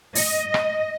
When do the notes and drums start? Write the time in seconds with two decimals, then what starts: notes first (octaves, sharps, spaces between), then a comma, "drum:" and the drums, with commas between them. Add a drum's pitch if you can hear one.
0.15 D#5, drum: open hi-hat
0.54 drum: rim click